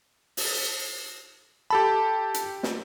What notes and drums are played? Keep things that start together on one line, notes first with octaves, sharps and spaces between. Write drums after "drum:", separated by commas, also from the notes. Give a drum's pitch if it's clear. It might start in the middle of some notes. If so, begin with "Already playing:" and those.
drum: open hi-hat
G4 A4 A5 B5
drum: hi-hat
drum: snare